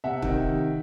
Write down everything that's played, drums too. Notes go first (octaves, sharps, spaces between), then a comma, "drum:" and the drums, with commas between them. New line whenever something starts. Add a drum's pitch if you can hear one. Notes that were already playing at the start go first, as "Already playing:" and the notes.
C3 E5 F#5
D#3, drum: kick